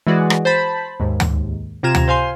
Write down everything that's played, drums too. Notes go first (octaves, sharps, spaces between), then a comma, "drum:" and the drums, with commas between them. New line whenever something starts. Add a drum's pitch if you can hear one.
E3 G#3 F#4 G#4 D5
drum: rim click
C5 A5 B5
D#2 G#2
drum: tom D2
C3 F4 G4 A#5 G#6 E7
drum: tom D2
C5 F5 G#5 C6